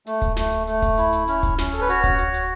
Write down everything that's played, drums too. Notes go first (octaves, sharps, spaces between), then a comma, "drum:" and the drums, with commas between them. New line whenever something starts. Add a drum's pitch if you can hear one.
A3, drum: hi-hat
drum: kick D1, hi-hat
A3, drum: snare
drum: hi-hat
A3, drum: hi-hat
drum: kick D1, hi-hat
E4, drum: hi-hat
drum: hi-hat
C#4, drum: hi-hat
drum: kick D1, hi-hat
C#4, drum: snare
A4, drum: hi-hat
B4
F#4 C#5, drum: hi-hat
drum: kick D1, hi-hat
F#4, drum: hi-hat
drum: hi-hat